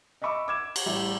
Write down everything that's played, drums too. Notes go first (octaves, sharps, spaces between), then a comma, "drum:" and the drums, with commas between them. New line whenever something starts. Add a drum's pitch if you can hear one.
D#5 E5 B5 C#6 D6 E6
D6 G#6 E7
drum: cymbal
A1 G3 E5